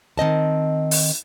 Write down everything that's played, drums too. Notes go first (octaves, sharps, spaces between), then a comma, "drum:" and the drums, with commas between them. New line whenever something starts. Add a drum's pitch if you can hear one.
D#3 C4 D#5 A5
drum: open hi-hat